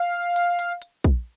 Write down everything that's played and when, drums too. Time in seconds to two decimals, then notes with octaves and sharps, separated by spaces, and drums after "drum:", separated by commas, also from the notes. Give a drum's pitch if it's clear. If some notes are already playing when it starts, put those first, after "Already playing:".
Already playing: F5
0.36 drum: hi-hat
0.59 drum: hi-hat
0.82 drum: hi-hat
1.04 drum: kick